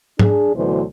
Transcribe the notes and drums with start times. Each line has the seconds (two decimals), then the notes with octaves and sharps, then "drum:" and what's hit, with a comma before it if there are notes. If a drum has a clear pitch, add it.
0.19 D4 G#4, drum: tom G#2
0.55 D2 B2 D3 E3 F#3 C5